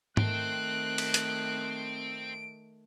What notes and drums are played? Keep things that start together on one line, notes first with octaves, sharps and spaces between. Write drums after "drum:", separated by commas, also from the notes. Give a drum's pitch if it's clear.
D#3 A3 C4 G5 F#6 D7, drum: tom G#2
drum: cymbal
drum: hi-hat